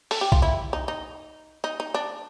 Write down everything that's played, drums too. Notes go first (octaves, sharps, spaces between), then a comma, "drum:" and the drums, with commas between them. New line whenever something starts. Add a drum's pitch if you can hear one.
A4, drum: open hi-hat
G4
F4, drum: kick B1
E4
D#4
D#4
D#4
D#4
D4